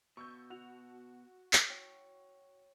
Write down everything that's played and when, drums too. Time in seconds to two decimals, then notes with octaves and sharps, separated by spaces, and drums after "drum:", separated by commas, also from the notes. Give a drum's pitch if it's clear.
0.17 B2 C#6 E6 G6
0.50 F#4 F7
1.53 drum: clap
1.70 C#5 G5